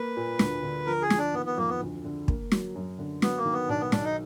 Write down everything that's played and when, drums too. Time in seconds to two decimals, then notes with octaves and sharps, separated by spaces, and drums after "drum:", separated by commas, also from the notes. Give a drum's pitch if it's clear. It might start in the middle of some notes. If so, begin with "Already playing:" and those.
Already playing: A#3 B4
0.16 A#2
0.39 D2, drum: snare
0.63 D3
0.86 F3 A#4
1.02 G#4
1.10 F3, drum: snare
1.18 D4
1.34 D#3 B3
1.46 B3
1.57 F2 A#3
1.69 B3
1.81 D2
2.04 D3
2.28 A#3, drum: kick
2.52 F#3, drum: snare
2.75 F#2
2.99 D3
3.22 F#3 B3, drum: snare
3.38 A#3
3.45 D#3
3.53 B3
3.69 B1 D4
3.81 B3
3.92 B1 D4, drum: snare
4.04 D#4